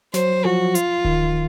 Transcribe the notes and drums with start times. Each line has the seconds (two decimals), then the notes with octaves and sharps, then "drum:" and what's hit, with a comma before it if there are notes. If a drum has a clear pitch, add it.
0.14 F#3 C5, drum: snare
0.45 F3 F#4
0.75 F4, drum: hi-hat
1.05 D#3, drum: kick D1